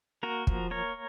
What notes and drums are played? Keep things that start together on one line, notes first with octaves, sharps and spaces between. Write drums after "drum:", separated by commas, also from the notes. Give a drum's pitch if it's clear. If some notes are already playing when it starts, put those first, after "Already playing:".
A#3 F#4 A#4
F3, drum: kick
A#3 A#4 C#5